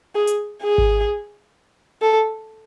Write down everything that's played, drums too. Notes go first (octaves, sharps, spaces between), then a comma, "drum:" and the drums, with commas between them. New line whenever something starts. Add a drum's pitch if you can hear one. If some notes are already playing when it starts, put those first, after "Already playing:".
G#4
drum: hi-hat
G#4
drum: kick G#1
A4